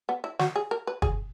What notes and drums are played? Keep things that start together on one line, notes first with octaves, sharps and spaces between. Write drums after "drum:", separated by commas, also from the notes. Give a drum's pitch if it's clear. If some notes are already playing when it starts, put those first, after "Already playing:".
B3
E4
F#4, drum: snare
G#4
A#4
B4
G#4, drum: kick